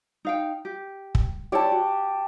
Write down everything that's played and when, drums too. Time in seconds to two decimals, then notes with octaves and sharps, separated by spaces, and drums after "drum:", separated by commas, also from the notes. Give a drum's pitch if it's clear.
0.25 D#4 F5 G5
0.65 G4
1.15 drum: kick
1.52 E4 G4 C#5 D5 A5
1.72 F#4